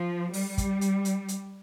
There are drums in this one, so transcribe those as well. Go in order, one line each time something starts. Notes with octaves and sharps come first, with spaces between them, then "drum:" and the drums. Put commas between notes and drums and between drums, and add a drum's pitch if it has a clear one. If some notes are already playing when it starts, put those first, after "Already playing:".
Already playing: F3
G3, drum: open hi-hat
drum: kick, hi-hat
drum: hi-hat
drum: hi-hat
drum: hi-hat